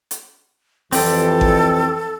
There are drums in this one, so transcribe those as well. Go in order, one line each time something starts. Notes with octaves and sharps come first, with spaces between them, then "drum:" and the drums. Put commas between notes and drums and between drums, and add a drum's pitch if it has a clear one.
drum: hi-hat
F2 E3 C4 G4 A4, drum: open hi-hat
drum: kick G#1